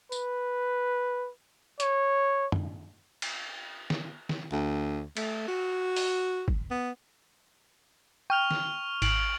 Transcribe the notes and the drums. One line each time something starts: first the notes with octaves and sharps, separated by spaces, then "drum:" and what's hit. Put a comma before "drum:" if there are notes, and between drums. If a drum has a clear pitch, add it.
B4, drum: tambourine
C#5, drum: hi-hat
drum: tom
drum: cymbal
drum: snare
drum: snare
D2
A3, drum: cymbal
F#4
drum: open hi-hat
drum: kick
B3
G5 C#6 F6 F7
drum: snare
G#1 D7 F#7, drum: cymbal